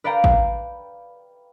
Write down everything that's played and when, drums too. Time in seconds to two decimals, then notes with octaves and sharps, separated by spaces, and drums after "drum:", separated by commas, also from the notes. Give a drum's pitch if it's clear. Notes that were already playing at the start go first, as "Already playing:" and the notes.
0.04 B4 D5 F5 G5 A#5
0.24 drum: kick A1